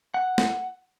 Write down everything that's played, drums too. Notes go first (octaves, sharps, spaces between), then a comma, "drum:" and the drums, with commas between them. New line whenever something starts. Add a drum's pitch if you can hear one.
F#5
drum: snare